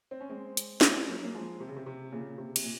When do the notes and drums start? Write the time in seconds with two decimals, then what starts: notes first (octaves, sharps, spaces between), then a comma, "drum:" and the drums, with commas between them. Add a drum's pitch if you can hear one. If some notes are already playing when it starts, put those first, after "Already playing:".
0.11 C4
0.21 C#4
0.30 G#3 C4
0.57 drum: hi-hat
0.81 drum: snare
1.08 F#3 A#3
1.24 A#3
1.34 F3 G#3
1.60 C3
1.69 C#3
1.76 C3
1.86 C3
2.12 A#2 C#3
2.38 C3
2.56 C3, drum: cymbal
2.64 A#2